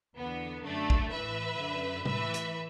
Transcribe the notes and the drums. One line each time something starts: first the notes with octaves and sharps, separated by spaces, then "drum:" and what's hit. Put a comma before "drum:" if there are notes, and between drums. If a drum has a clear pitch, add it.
E2 D3 B3
F#2 D3 A3 D4
drum: kick
A2 E3 B4 E5
F#2 D3
A2 E3 B4 E5, drum: tom
drum: hi-hat